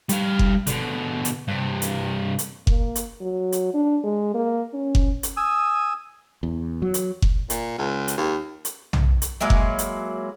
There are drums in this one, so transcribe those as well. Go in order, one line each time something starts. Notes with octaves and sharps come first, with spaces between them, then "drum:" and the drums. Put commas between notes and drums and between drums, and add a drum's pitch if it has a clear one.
G3 F5, drum: hi-hat
drum: kick F#1
B2 D3, drum: hi-hat
drum: hi-hat
G2 C3
drum: hi-hat
drum: hi-hat
A#3, drum: kick F#1
drum: hi-hat
F#3
drum: hi-hat
D4
G#3
A#3
C#4
drum: kick F#1
drum: hi-hat
G#5 D#6 E6
E2
F#3
drum: hi-hat
drum: kick F#1
A#2, drum: hi-hat
C#2
drum: hi-hat
D#2
drum: hi-hat
drum: tom B1
drum: hi-hat
F#3 G#3 A#3 E4
drum: kick F#1
drum: hi-hat